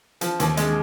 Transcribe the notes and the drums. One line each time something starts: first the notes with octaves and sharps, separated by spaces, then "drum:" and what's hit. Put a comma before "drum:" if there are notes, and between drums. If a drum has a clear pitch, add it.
F3, drum: hi-hat
D#2, drum: hi-hat
G#3, drum: hi-hat